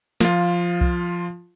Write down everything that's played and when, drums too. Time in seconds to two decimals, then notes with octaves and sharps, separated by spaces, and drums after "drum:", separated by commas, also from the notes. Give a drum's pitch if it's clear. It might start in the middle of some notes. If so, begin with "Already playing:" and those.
0.20 F3 F4, drum: snare
0.81 drum: kick C2